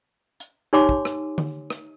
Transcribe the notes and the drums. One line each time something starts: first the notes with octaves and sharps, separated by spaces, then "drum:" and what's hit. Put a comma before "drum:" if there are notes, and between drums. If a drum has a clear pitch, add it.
drum: hi-hat
D#4 G4 C#5 G#5 C6 D6
drum: kick
drum: rim click
drum: tom D3
drum: rim click